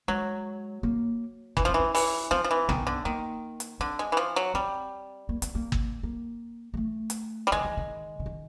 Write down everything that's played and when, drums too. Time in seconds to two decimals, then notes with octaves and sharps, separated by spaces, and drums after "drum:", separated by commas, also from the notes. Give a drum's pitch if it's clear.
0.08 F#3 G#3
0.83 A#3
1.57 E3 C#4, drum: kick
1.65 F3
1.69 C4
1.74 E3 C#4
1.95 E3, drum: open hi-hat
2.31 F3 C4
2.44 F3
2.51 E3
2.69 D#3 B3, drum: tom B1
2.87 D3
3.05 D#3 A#3
3.60 drum: hi-hat
3.80 D3 C4
3.99 G#3
4.12 E3
4.17 F3
4.36 F#3
4.54 G3 C4
5.29 A#3
5.42 B3, drum: hi-hat
5.55 A#3
5.72 drum: kick
6.03 A#3
6.74 G#3
6.77 A3
7.10 drum: hi-hat
7.47 G3
7.52 D#3 G#3
7.65 E3
7.77 D#3
8.20 D3
8.26 D#3